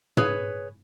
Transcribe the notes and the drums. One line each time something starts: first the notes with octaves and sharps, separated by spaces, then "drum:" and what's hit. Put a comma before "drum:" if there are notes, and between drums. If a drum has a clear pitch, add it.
G#4 B4 C#5, drum: tom